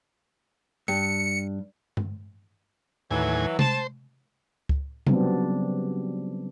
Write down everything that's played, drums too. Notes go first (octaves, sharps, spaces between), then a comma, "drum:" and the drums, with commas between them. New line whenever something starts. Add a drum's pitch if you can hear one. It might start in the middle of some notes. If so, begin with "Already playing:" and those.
G2 C#7
drum: tom G2
D#2 A2 E3 F#3 G#5
C5 A5, drum: tom C3
drum: kick C#2
C#3 F#3 G3 B3 C4 D4, drum: tom C3